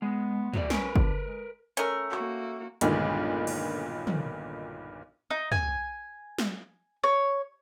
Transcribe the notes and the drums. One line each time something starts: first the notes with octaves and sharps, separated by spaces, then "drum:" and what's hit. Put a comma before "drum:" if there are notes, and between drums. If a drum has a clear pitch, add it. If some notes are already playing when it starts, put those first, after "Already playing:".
G#3 B3
F#3 A3 D5, drum: tom
C#4 A#4 B4, drum: snare
D4, drum: kick
G#3
A3 C#4 A#4, drum: hi-hat
A#3 F#4, drum: clap
B1 G2 A#2 D3 D#3 G#3, drum: hi-hat
drum: cymbal
drum: tom
D#4
G#5, drum: tom
drum: snare
C#5